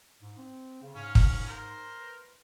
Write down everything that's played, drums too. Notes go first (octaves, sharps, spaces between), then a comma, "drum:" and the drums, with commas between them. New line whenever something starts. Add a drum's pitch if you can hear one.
G#2
C4
C#3
G#2 C#4 F5
drum: kick
A#4 C5
B4